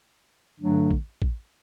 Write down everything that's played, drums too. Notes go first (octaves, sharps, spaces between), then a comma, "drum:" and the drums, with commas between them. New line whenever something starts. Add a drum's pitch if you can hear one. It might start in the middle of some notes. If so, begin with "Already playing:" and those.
G2 D3 F#3 A3 D4
drum: kick
drum: kick